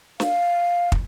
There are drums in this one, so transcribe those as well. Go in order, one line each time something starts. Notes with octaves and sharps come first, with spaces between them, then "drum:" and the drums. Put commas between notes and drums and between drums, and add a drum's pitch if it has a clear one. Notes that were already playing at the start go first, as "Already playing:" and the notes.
F5, drum: snare
drum: kick